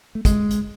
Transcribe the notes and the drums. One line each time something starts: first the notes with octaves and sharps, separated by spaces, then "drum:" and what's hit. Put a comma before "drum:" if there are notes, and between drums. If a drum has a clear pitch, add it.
A3
G#3, drum: kick, hi-hat
drum: hi-hat